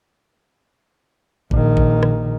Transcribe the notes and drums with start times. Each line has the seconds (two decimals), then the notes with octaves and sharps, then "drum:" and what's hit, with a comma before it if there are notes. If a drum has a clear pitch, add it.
1.51 A#1 D#3, drum: kick
1.77 drum: kick
2.03 drum: rim click